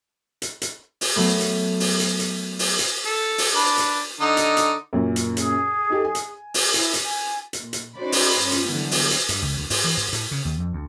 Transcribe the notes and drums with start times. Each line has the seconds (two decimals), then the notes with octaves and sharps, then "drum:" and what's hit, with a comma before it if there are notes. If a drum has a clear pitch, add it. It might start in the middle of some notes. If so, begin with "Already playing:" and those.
0.42 drum: hi-hat
0.62 drum: hi-hat
1.01 drum: open hi-hat
1.16 F#3 A3 B3
1.41 drum: hi-hat
1.80 drum: open hi-hat
2.00 drum: hi-hat
2.20 drum: hi-hat
2.59 drum: open hi-hat
2.79 drum: hi-hat
3.05 A4
3.38 drum: open hi-hat
3.55 D4 B4
3.78 drum: hi-hat
4.20 D3 D#4 D#5
4.37 drum: hi-hat
4.57 drum: hi-hat
4.93 F#2 A#2
5.16 drum: hi-hat
5.37 G#4, drum: hi-hat
5.90 D#4 G4 A4
6.05 G#5
6.15 drum: hi-hat
6.54 drum: open hi-hat
6.74 E4, drum: hi-hat
6.94 drum: hi-hat
7.05 G#5
7.53 drum: hi-hat
7.63 A#2
7.73 drum: hi-hat
7.96 C#4 D#4 F#4 C5 D5 B5
8.12 drum: open hi-hat
8.40 G2 C#4 F4
8.52 drum: hi-hat
8.68 D3 E3 F#3 G3 B3
8.91 drum: open hi-hat
9.11 drum: hi-hat
9.29 G2, drum: hi-hat
9.42 C#2
9.57 D2
9.70 G#2, drum: open hi-hat
9.84 E3
9.97 G#2
10.13 A2, drum: hi-hat
10.31 C#3
10.45 D#2
10.60 F2
10.73 D2